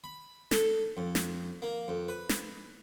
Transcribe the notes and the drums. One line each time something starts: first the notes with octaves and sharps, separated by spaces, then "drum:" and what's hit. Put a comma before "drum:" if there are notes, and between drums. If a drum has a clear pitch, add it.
B5
A4, drum: snare
F2
drum: snare
A#3
F2
B4
drum: snare